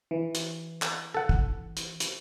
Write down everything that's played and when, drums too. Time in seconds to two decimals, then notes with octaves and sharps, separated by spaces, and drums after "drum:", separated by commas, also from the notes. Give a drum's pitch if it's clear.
0.11 E3
0.35 drum: hi-hat
0.82 drum: clap
1.14 A4 F#5
1.29 drum: kick
1.77 drum: hi-hat
2.00 drum: hi-hat